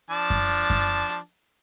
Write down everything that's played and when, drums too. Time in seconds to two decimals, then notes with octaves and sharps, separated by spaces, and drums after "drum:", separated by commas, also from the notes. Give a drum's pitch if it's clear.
0.10 F3 D4 A5
0.30 drum: kick F#2, hi-hat
0.70 drum: kick F#2, hi-hat
1.09 drum: hi-hat